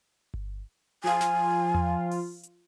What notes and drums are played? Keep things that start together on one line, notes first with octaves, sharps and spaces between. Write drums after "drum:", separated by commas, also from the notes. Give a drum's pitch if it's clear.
drum: kick G1
F3 F4 G#5
drum: snare
drum: tom E2
drum: open hi-hat
drum: hi-hat